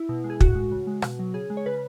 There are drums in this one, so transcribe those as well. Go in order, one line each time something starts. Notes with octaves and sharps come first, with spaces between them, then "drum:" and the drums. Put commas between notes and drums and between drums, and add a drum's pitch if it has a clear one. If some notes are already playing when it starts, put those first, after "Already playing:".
Already playing: E4
B2
G#3
G#4
A2 F#4, drum: kick
G#3
C#3
G#3
B2, drum: rim click
F#3
C#3 G#4
G#3
C#5
C#3 B4